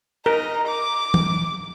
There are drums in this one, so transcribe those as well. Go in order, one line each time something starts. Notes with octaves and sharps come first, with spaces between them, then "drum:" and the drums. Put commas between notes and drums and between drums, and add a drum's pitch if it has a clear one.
D#4 A#4
D6
drum: tom E3